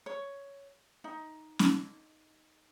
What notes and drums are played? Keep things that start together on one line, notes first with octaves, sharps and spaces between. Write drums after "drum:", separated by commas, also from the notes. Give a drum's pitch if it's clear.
C#5
D#4
drum: snare